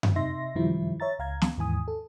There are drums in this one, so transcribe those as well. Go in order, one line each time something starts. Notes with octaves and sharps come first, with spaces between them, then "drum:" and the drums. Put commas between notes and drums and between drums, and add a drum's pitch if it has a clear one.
drum: tom F#2
C3 D#4 E5 C6 A#6
F#2 C3 D#3 F3 G3 E4
C#5 E5 A#5 A6
C#2 F5 A#5 G#6
drum: snare
D#2 G#2 E3 G#5 D#6
A4